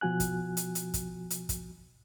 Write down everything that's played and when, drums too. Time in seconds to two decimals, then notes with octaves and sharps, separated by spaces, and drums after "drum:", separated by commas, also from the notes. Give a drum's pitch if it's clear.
0.01 B2 F3 F#4 G#5 F#6
0.20 drum: kick, hi-hat
0.57 drum: hi-hat
0.75 drum: hi-hat
0.94 drum: kick, hi-hat
1.30 drum: hi-hat
1.49 drum: kick, hi-hat